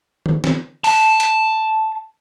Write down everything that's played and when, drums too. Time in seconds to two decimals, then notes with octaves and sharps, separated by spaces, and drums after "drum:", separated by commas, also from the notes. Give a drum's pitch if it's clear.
0.26 drum: tom D3
0.44 drum: snare
0.84 A5, drum: open hi-hat
1.20 drum: hi-hat